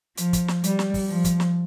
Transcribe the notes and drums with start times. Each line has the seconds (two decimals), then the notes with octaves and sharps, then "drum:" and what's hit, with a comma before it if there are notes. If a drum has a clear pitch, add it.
0.17 F3, drum: hi-hat
0.33 drum: kick, hi-hat
0.48 drum: snare
0.64 G3, drum: hi-hat
0.79 drum: snare
0.94 drum: kick, open hi-hat
1.09 F3
1.25 drum: kick, hi-hat
1.40 drum: snare